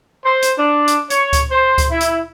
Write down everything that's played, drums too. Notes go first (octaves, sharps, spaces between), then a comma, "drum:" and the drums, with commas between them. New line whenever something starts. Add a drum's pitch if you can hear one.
C5
drum: hi-hat
D4
drum: hi-hat
C#5, drum: hi-hat
drum: kick C#2, hi-hat
C5
drum: kick C#2, hi-hat
E4
drum: hi-hat